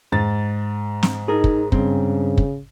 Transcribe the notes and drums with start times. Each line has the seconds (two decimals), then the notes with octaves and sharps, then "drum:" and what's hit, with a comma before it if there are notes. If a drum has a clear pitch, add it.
0.12 G#2 A6
1.03 drum: snare
1.28 D#4 G#4 A#4
1.44 drum: kick
1.72 G2 C#3 C4, drum: kick
2.37 drum: kick